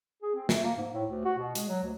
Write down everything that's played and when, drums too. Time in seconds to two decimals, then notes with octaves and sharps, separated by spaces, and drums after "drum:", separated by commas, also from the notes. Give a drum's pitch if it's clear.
0.22 G#4
0.35 C4
0.49 A3, drum: snare
0.64 A#3
0.77 G#2
0.94 A2
1.09 D2
1.25 F#4
1.38 B2
1.55 G#3, drum: hi-hat
1.69 F#3
1.84 D2